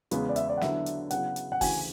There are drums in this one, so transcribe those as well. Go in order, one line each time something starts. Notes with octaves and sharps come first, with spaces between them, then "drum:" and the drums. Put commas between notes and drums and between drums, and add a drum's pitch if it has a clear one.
E2 C#3 G#3 B3, drum: hi-hat
D5
E5, drum: hi-hat
D5
F#5
D3 F#3 B3 E4 E5, drum: snare
drum: hi-hat
C#3 F#3 B3 E4 F#5, drum: hi-hat
drum: hi-hat
F#5
D2 C#3 E3 G#5, drum: kick, open hi-hat